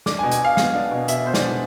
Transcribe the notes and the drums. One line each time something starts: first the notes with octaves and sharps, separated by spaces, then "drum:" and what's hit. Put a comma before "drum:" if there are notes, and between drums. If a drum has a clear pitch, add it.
D4 D6, drum: snare
G#5
B2
G#5, drum: hi-hat
B2 F5
B3 F5, drum: snare
D4
B2
B2 E5, drum: hi-hat
B3 C5
D5, drum: snare
D4